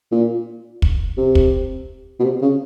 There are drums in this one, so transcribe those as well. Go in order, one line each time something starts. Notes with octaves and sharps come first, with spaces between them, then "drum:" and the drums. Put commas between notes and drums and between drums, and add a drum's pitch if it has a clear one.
A#2
drum: kick
C3
drum: kick
B2
C3
C#3